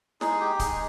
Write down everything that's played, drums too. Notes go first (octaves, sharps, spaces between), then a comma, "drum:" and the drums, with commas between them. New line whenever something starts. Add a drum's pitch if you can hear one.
G#3 D#4 G#4, drum: snare
G4
G#3 D#4 G#4, drum: kick C#1, hi-hat